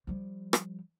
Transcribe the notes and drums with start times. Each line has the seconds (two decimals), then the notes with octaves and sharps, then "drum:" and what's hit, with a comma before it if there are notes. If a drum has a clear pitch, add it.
0.07 F3 G3
0.53 drum: rim click